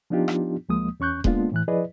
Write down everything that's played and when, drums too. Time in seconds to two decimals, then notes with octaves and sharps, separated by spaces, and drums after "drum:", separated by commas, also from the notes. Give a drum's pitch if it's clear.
0.10 F3 B3 D4 D#4 F4 G4
0.28 drum: rim click
0.69 D2 F3 G#3 A#3 D#6
1.00 E2 C#4 C#6 F#6 G6
1.24 G#3 A#3 B3 D4 F4, drum: kick D#1
1.52 A2 E3 F#6
1.68 F3 E4 G#4 B4 D5 D#5